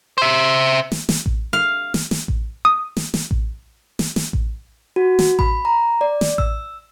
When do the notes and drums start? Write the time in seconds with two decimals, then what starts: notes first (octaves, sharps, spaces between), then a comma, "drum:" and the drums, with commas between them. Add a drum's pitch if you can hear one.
0.18 C5 E5
0.92 drum: snare
1.09 drum: snare
1.26 drum: kick A1
1.53 F5
1.94 drum: snare
2.11 drum: snare
2.28 drum: kick A1
2.65 D#6
2.97 drum: snare
3.14 drum: snare
3.31 drum: kick A1
3.99 drum: snare
4.16 drum: snare
4.33 drum: kick A1
4.96 F#4
5.19 drum: snare
5.39 B5, drum: kick A1
5.65 A#5
6.01 D5
6.21 drum: snare
6.38 E6, drum: kick A1